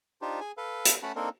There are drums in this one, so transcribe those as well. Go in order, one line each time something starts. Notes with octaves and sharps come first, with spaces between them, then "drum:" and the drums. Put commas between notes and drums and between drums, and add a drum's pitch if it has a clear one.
D4 D#4 F4 G4 C5
G#4 G#5
A4 B4 F5
drum: hi-hat
A3 C#4 F#5 A5 B5
A#3 C4 D4 D#4 A4 A#4